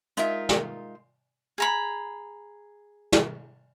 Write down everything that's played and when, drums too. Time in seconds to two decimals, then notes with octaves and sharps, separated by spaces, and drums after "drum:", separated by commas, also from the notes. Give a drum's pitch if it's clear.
0.17 G#3 D#4 F4 A#4 E5, drum: hi-hat
0.49 drum: snare
1.58 G#4 A#5 B5
3.12 drum: snare